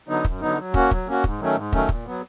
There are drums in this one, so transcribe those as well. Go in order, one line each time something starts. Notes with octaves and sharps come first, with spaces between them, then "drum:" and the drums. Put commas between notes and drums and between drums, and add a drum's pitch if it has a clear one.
D3 F#3 B3 D#4
F#2, drum: kick
D3 F#3 B3 D#4
F#3
A#3 C#4 F#4, drum: kick
F#3, drum: kick
A#3 C#4 F#4
G#2, drum: kick
D#3 F#3 A3 C#4
G#2
D#3 F#3 A3 C#4, drum: kick
A#2, drum: kick
F#3 B3